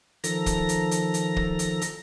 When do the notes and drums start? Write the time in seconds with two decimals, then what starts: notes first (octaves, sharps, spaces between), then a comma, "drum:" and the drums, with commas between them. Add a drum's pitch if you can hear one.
0.24 D#3 F3 A4 A#5 A#6, drum: hi-hat
0.46 drum: kick, hi-hat
0.69 drum: hi-hat
0.91 drum: hi-hat
1.14 drum: hi-hat
1.36 drum: kick
1.59 drum: hi-hat
1.81 drum: hi-hat